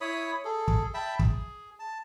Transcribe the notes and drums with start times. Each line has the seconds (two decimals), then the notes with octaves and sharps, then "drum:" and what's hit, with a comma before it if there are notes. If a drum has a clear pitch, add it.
0.01 E4 C#5 B5 D#6
0.45 G#4 A4
0.68 drum: kick
0.94 E5 G5 A5 B5
1.19 G#4, drum: kick
1.79 A5